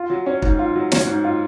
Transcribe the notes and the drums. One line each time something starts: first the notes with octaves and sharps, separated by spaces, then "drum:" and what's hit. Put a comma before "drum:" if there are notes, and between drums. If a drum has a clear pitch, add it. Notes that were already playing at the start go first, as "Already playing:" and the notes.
Already playing: F4
F#3
C#4
G#2, drum: kick
F4
F#3
C#4, drum: snare
G#2
F4